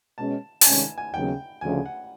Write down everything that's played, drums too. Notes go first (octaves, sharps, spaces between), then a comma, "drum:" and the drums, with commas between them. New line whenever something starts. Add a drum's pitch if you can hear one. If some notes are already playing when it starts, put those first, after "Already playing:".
B2 G#3 C#4 A5
A5, drum: open hi-hat
C3 D#3 G#3 C#4 G#5
G#5
D#2 C#3 F#3 B3 G5
D2 C#3 F3 G#5
F#5